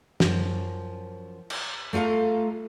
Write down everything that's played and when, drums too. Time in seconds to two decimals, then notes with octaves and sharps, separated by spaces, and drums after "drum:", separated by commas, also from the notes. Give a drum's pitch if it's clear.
0.20 F#2 F3, drum: snare
1.50 drum: cymbal
1.93 A3 F4 A4 F5 A#5